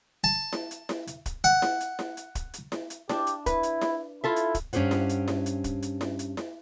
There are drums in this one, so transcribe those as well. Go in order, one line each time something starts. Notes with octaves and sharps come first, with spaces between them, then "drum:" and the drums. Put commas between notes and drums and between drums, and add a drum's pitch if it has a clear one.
A5
drum: snare E4
drum: hi-hat
drum: snare E4
drum: hi-hat
drum: kick, hi-hat
F#5, drum: hi-hat
drum: snare E4
drum: hi-hat
drum: snare E4
drum: hi-hat
drum: kick, hi-hat
drum: hi-hat
drum: snare E4
drum: hi-hat
D4 G4, drum: snare E4
drum: hi-hat
E4 B4, drum: kick, hi-hat
drum: hi-hat
drum: snare E4
E4 F4 A4 E5
drum: hi-hat
drum: kick, hi-hat
G2 C#4 G4 G#4 C5 F#5, drum: hi-hat
drum: snare E4
drum: hi-hat
drum: snare E4
drum: hi-hat
drum: kick, hi-hat
drum: hi-hat
drum: snare E4
drum: hi-hat
drum: snare E4